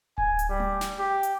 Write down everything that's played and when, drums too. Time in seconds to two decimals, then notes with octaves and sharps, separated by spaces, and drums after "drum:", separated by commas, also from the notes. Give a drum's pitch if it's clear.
0.18 G#5, drum: kick D1
0.39 drum: hi-hat
0.49 G3
0.60 drum: tom A3
0.81 drum: snare
0.99 G4
1.23 drum: hi-hat